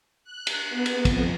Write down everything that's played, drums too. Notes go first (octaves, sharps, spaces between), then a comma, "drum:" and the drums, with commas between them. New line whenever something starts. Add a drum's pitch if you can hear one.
F#6
drum: cymbal
B3
drum: cymbal
F2, drum: kick, cymbal